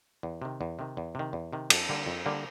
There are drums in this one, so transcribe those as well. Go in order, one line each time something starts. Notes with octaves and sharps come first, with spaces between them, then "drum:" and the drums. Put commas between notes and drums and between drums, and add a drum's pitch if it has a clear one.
E2
C3 D#3
E2
C3 D#3
E2
C3 D#3
E2
C3 D#3
F2, drum: cymbal
D3 G3 A#3
F2
D3 G3 A#3